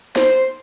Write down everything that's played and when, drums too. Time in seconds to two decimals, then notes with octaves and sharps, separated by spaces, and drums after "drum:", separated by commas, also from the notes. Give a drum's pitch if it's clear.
0.16 C5, drum: snare